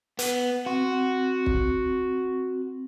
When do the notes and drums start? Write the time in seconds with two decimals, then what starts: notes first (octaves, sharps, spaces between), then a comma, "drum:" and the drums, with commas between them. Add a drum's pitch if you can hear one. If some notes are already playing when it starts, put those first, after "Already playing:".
0.19 B3, drum: hi-hat
0.66 C4 F#4
1.46 drum: kick